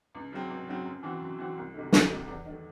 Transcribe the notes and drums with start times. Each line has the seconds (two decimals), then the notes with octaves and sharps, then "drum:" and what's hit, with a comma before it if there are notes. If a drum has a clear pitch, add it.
0.15 C#2
0.32 C#3 F#3 C4
0.49 C#2
0.67 C#3 F#3 C4
0.85 F#2
1.03 E3 C4 F#4
1.21 F#2
1.38 E3 C4 F#4
1.56 C2
1.74 C3 D#3 A3
1.92 C2, drum: snare
2.10 C3 D#3 A3
2.27 E2
2.45 D#3 A3